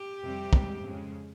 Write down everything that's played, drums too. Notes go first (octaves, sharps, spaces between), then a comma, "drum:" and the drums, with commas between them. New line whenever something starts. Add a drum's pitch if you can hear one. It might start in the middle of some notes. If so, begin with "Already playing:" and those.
Already playing: G4
F2 C3 G3 C4
G#2 G3 C4, drum: kick
F2 C#3 G#3